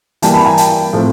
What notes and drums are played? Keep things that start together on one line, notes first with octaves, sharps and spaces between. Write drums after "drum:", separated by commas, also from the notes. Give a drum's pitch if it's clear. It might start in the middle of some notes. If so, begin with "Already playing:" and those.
E3 G3 A#3 G5 A5, drum: hi-hat
A5 B5
G#5 A#5
G5 A5, drum: hi-hat
A2 F3 A3 C4